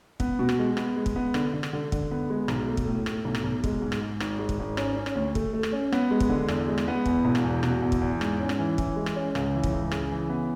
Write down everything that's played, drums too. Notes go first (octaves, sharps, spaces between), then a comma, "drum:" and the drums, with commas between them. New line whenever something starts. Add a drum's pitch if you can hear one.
B3, drum: kick
B2
drum: rim click
G#3
B3, drum: rim click
G#3
drum: kick
B3
D3, drum: rim click
D3
drum: rim click
D3
D3, drum: kick
B3
G#3
B1, drum: rim click
A3
drum: kick
A2
A3, drum: rim click
B1
drum: rim click
B1
G#3, drum: kick
G#2
drum: rim click
G#2
G#1, drum: rim click
G#3
drum: kick
G#1
C#4, drum: rim click
C#4
drum: rim click
D2
A3, drum: kick
A3
drum: rim click
C#4
B3, drum: rim click
G#3
drum: kick
D3
E2, drum: rim click
G#3
drum: rim click
B3
E2, drum: kick
E1
drum: rim click
E2
B2, drum: rim click
E2
drum: kick
E2
G#2, drum: rim click
C#4
drum: rim click
E3
E3, drum: kick
G#3
drum: rim click
C#4
C#2, drum: rim click
E3
drum: kick
C#2
C#3, drum: rim click
E3
B3